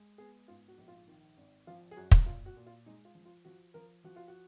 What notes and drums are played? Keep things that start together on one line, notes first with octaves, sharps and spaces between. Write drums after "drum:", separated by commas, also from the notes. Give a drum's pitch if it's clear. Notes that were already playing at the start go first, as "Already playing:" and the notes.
Already playing: G#3
B3 G#4
G#2 F4
F#4
A#1
F4
D#3
G#1
F3 F4
G#4
F#2 F#4
drum: kick
A#2 F4
F#4
A#2
F4
G#3 D#4
F4
F3
F4
F3 F#4
F3 A#4
F3 F#4
F4
F#4